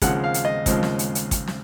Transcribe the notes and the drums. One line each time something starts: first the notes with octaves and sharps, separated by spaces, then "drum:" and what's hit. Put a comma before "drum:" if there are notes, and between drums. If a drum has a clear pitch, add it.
D#2 C#3 F3 G#3 C4 F#5, drum: kick, hi-hat
F5
drum: hi-hat
D#5
D#2 C#3 F3 G#3 C4, drum: kick, hi-hat
drum: snare
drum: hi-hat
drum: hi-hat
drum: kick, hi-hat
drum: snare